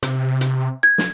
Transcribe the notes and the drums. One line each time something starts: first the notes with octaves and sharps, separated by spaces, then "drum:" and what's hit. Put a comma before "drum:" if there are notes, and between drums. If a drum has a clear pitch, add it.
C3, drum: hi-hat
drum: hi-hat
G#6
drum: snare